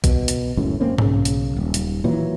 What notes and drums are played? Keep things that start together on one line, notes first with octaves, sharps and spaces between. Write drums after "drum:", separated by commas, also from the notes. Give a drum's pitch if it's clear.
B2, drum: kick A#1, hi-hat
drum: hi-hat
C#2 F#2 A2
G#1 A#3 C4 C#4
B1 C#3, drum: tom G#2
drum: hi-hat
D#1
drum: hi-hat
A#2 E3 F#3